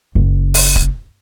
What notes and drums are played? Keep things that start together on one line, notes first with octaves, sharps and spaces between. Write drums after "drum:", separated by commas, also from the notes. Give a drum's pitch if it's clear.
F#1
drum: open hi-hat
drum: kick D1